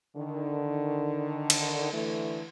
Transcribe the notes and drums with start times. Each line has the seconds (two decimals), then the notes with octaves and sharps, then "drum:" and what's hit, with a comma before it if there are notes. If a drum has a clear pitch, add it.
0.16 D3 D#3
1.50 drum: cymbal
1.93 D3 E3 A3